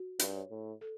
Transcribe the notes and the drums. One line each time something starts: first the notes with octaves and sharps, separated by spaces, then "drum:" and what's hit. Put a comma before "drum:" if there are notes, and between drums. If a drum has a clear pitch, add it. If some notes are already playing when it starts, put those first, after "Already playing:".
Already playing: F#4
G2, drum: hi-hat
C#5
A2
A4